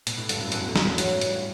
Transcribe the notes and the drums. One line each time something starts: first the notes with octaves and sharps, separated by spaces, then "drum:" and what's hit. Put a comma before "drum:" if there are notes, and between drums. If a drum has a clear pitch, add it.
B2, drum: hi-hat
A2
G2 D3, drum: hi-hat
F#2
E2 E3, drum: hi-hat
E2 D3
F#2, drum: snare
E3
F#2
A2 F#3, drum: hi-hat
G2
G2, drum: hi-hat